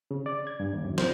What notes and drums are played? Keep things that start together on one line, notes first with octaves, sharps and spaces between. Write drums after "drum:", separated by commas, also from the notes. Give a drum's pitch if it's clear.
C#3
D5
G#6
G2
D#2
F#2
C5, drum: snare